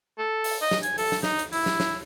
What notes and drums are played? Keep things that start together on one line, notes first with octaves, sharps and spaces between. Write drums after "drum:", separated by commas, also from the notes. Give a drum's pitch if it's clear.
A4
drum: open hi-hat
D#5
drum: snare
G#5, drum: hi-hat
A4, drum: open hi-hat
drum: snare
D#4, drum: snare
drum: hi-hat
E4, drum: open hi-hat
drum: snare
drum: snare